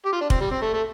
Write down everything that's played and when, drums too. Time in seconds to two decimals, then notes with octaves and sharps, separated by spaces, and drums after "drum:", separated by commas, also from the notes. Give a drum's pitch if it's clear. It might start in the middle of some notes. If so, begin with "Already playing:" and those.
0.05 G4
0.12 F4
0.21 D4
0.30 C4, drum: kick
0.40 G3
0.51 C4
0.62 A3
0.73 A3